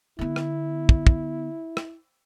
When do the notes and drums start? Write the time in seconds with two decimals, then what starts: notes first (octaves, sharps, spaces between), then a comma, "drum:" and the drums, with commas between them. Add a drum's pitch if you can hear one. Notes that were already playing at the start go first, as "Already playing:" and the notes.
0.19 D3 B3 E4
0.36 drum: rim click
0.89 drum: kick
1.07 drum: kick
1.77 drum: rim click